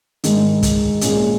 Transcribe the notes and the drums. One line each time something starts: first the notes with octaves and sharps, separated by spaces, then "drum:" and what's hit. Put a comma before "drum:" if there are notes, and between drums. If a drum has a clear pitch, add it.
G#2 D#3 G#3 D#4, drum: hi-hat
drum: kick, hi-hat
A#2 G#3 C#4, drum: hi-hat